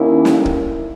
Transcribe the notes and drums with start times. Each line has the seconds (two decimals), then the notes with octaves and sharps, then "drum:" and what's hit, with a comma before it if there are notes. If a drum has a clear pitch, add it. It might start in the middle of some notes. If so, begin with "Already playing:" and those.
Already playing: D#2 D#3 A#3 C#4 E4
0.25 drum: snare
0.45 drum: kick